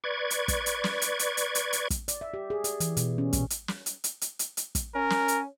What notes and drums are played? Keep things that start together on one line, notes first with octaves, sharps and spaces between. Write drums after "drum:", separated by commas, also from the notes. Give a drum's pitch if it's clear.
B4 D5 C#6 G#6
drum: hi-hat
drum: kick, hi-hat
drum: hi-hat
drum: snare
drum: hi-hat
drum: hi-hat
drum: hi-hat
drum: hi-hat
drum: hi-hat
drum: kick, hi-hat
D5, drum: hi-hat
E5
G4
G#4
D5, drum: hi-hat
E3, drum: hi-hat
B2, drum: hi-hat
C#4
A#2, drum: kick, hi-hat
drum: hi-hat
drum: snare
drum: hi-hat
drum: hi-hat
drum: hi-hat
drum: hi-hat
drum: hi-hat
drum: kick, hi-hat
C#4 A#4
drum: snare
drum: hi-hat